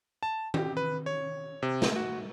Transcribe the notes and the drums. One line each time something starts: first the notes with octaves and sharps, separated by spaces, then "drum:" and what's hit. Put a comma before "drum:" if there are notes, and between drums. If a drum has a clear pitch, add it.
A5
G4, drum: tom D#3
B4
C#5
C3
drum: snare
F#4